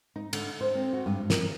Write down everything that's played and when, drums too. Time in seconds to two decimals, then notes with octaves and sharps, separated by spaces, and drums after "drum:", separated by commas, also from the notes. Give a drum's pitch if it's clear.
0.16 D#4
0.33 D3, drum: cymbal
0.61 C5
0.75 C4
0.93 F#4
1.06 G2
1.30 A#4, drum: snare